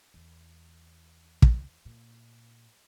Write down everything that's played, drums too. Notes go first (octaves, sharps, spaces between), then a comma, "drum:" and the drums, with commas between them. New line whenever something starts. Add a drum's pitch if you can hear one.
E2
drum: kick
A#2